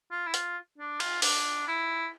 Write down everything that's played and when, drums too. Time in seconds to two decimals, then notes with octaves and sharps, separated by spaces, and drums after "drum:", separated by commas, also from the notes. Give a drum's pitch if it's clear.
0.11 F4
0.27 E4
0.34 F4, drum: hi-hat
0.78 D4
1.00 F4, drum: cymbal
1.22 D4, drum: open hi-hat
1.67 E4